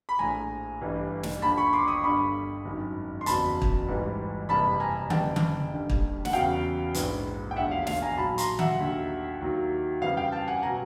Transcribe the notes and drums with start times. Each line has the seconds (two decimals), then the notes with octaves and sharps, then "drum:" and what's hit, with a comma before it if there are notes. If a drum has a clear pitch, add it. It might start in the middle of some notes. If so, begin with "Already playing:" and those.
0.09 B5
0.19 A#1 A2 F3 G#5 A#5
0.81 A1 G2 E3 G3
1.23 drum: snare
1.42 D#2 D3 F3 A5 B5
1.57 B5 C#6
1.73 C6 D6
1.88 C#6 D#6
2.04 G1 G2 D3 G3 B5 C#6
2.65 G#1 F#2 D#3
3.21 C6
3.26 F#1 E2 C#3 F#3 A5 B5, drum: hi-hat
3.62 drum: kick
3.88 A1 G#2 E3 G3
4.49 F#1 F2 C3 E3 G3 A5 B5
4.80 G#5 A#5
5.10 F#1 F2 C#3 E3 G3 G5 A5, drum: tom D3
5.36 drum: tom D3
5.72 D#2 D3 G3
5.90 drum: kick
6.25 F#5, drum: snare
6.33 E2 C#3 F#3 F5 G5
6.94 A#1 G#2 E3, drum: hi-hat
7.51 G5
7.56 E1 D#2 D3 F3 E5 F#5
7.71 F5
7.87 F5, drum: snare
8.02 G#5 A#5
8.17 B1 A#2 F#3 A5 B5
8.38 A#5 C6, drum: hi-hat
8.59 E5 F#5, drum: tom D3
8.79 D#2 D3 F#3
9.40 D#2 D#3 F#3
10.01 F2 C#3 E3 G3 F5
10.17 F5 G5
10.32 G5 A5
10.48 F#5 G#5
10.63 B2 F#3 G#5 A#5